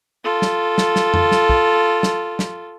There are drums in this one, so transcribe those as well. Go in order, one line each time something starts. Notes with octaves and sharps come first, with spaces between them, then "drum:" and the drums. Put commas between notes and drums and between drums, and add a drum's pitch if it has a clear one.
F4 A4
drum: snare
drum: snare
drum: snare
drum: tom F2
drum: snare
drum: kick
drum: snare
drum: snare